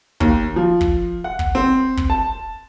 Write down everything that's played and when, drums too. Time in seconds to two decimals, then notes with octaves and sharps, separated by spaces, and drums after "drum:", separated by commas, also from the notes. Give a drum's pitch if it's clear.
0.20 D#2, drum: kick
0.56 F3
0.81 drum: kick
1.24 F#5
1.39 drum: kick
1.55 C4
1.97 drum: kick
2.10 A5